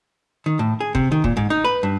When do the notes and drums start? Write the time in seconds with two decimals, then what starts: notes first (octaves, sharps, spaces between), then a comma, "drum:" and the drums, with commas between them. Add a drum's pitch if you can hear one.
0.46 D#3
0.59 A2
0.80 G#4
0.95 C3, drum: kick F1
1.12 D#3
1.24 A#2, drum: kick F1
1.37 G#2
1.50 D#4
1.64 B4
1.83 G2